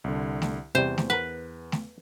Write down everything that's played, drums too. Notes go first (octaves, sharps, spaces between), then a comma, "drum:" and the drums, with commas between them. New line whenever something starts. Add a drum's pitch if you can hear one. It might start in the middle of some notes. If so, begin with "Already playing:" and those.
C2 D3
drum: snare A3
E2 C3 G3 C5
drum: snare A3
A#4 B4 F#5
drum: snare A3